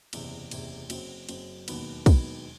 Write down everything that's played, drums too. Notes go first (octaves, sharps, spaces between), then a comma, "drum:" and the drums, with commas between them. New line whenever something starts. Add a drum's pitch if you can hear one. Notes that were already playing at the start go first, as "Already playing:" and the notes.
F#1 E2 C3, drum: cymbal
F#1 E2 C3, drum: cymbal
F#1 F#2 F#3 C4, drum: cymbal
F#1 F#2 F#3 C4, drum: cymbal
E1 D#2 D#3 F#3 B3, drum: cymbal
E1 D#2 D#3 F#3 B3, drum: kick, cymbal